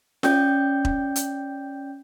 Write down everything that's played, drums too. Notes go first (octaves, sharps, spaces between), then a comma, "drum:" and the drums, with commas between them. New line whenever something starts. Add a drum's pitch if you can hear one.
C#4 D5 G5 G6, drum: snare F4
drum: kick E1
drum: hi-hat